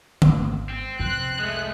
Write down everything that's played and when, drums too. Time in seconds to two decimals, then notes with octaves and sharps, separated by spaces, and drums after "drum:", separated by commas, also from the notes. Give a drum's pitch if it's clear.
0.22 G#1 B3, drum: tom
0.69 C4
0.99 C2 F2 C4 F#6
1.39 G#3 A3